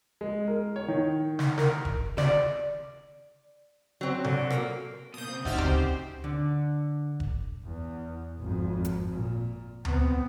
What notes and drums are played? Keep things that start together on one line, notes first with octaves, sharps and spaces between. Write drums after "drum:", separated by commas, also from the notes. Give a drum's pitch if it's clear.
G#3
A#4
C#5
D#3
drum: snare
A#4, drum: snare
drum: kick
D5, drum: snare
F#3 C4
D3, drum: tom C3
A#3, drum: rim click
B2 A#3 D#6 G6
C#3 C4
D2 C4 D#4 F#4 D5 E5 F6, drum: kick
C#3 G4 C5, drum: tom D2
D3
drum: kick
E2
G#1 F2
drum: hi-hat
A#2
B3 C4, drum: tom D2